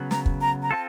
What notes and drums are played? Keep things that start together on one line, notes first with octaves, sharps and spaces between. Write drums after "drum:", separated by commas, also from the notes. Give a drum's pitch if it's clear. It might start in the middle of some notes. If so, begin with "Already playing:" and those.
Already playing: C#3 F#3 B3
A#5, drum: snare
drum: kick
A#5
A#5
C4 F4 A4 A5